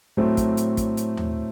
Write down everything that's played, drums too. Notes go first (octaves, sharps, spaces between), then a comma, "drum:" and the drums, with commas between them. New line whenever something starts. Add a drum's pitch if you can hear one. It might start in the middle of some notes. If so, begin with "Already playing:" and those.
A2 F#3 A3 C4
drum: kick, hi-hat
drum: hi-hat
drum: kick, hi-hat
drum: hi-hat
drum: tom D#2